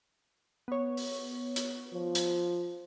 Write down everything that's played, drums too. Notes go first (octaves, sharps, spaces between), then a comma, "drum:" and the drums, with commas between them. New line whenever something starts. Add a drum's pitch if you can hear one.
B3 C#5
drum: open hi-hat
drum: hi-hat
F3
drum: hi-hat